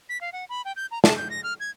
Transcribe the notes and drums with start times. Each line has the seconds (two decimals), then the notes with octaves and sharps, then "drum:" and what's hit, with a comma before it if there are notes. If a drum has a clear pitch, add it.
0.09 B6
0.21 F5
0.33 F#5
0.49 B5
0.65 G5
0.76 G6
0.91 A#5
1.04 A5, drum: snare
1.17 G6
1.30 A#6
1.44 F6
1.60 G#6